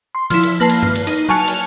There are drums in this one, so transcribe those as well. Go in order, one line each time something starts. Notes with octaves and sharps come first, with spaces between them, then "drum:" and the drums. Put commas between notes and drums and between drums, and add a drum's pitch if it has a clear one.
C6
F3 E4, drum: cymbal
drum: cymbal
A#3 B4 A5 F6 C7
drum: cymbal
drum: tom G2
drum: cymbal
D#4, drum: cymbal
F#3 G#5 A5 F6 C#7 F7
drum: cymbal